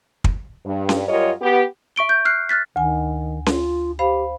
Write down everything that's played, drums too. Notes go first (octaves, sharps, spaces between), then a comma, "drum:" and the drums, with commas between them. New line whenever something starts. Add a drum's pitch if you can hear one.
drum: kick
G2
drum: snare C#4
F#2 G3 F4 A#4 C#5 D#5
B3 G4
E5 C#6 D7 G7
G6
F6 F#6 C7
F6 F#6 A6 B6
D2 D#3 G#5
F4, drum: snare C#4
G4 C5 F5 B5